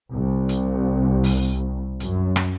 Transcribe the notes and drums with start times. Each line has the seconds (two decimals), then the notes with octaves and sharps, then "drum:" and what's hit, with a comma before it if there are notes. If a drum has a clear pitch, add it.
0.12 C2
0.49 drum: hi-hat
1.24 drum: open hi-hat
2.00 F#2, drum: hi-hat
2.36 drum: rim click